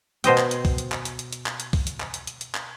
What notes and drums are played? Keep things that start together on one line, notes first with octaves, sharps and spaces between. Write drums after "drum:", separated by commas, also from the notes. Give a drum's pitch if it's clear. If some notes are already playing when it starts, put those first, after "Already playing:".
B2 C5 D#5 G5, drum: hi-hat
drum: clap
drum: hi-hat
drum: kick, open hi-hat
drum: hi-hat
drum: clap
drum: hi-hat
drum: hi-hat
drum: hi-hat
drum: clap
drum: hi-hat
drum: kick, open hi-hat
drum: hi-hat
drum: clap
drum: hi-hat
drum: hi-hat
drum: hi-hat
drum: clap